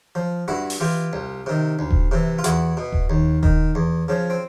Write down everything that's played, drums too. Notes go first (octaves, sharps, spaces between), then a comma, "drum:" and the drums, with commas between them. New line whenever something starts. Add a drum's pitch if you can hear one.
F3
G2 E4 F#4
drum: open hi-hat
E3 F4 G4
C2
C3 D#3
D2
drum: kick D#1
C3 E3
F4
E2 E4 F#4, drum: hi-hat
B2
drum: kick D#1
D#2
D#3, drum: kick D#1
E2
C#3 F3
C4